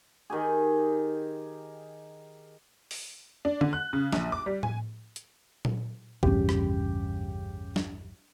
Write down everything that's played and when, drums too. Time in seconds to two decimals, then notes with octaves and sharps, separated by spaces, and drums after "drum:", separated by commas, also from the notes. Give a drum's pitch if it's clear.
0.30 D#3 G4 G#4
2.91 drum: open hi-hat
3.45 D4
3.61 D3, drum: tom D3
3.73 F#6
3.93 C#3
4.13 A#1, drum: snare
4.32 D6
4.46 G3
4.63 G#5, drum: tom A2
5.16 drum: hi-hat
5.65 drum: tom A#2
6.23 A1 E2 G2 C#3 G4, drum: kick C2
6.49 drum: rim click
7.76 drum: snare